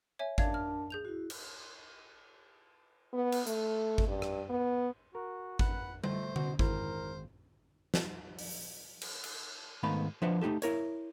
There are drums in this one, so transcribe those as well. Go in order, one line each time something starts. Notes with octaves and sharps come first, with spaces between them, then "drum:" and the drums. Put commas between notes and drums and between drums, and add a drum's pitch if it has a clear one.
C#5 E5 G#5
D4 A#4 D5 F5 A5 G#6, drum: kick G#1
F6
G#4 G6 F7
E4 F#4
drum: cymbal
B3
drum: cymbal
A3, drum: hi-hat
drum: kick G#1
G2
drum: rim click
B3
F#4 A#4
B4 F#5, drum: kick G#1
D3 A3 C5, drum: tom G3
B2 F#4, drum: tom D3
G#1 E4 A#4 C5, drum: kick G#1
drum: snare
drum: open hi-hat
drum: cymbal
drum: cymbal
G#2 D#3 A3 B3 F5 B5
F3 D4 B4 C5 E5 F#5
A3 D#4 F4 G4 A4
E4 A#4 C#5, drum: hi-hat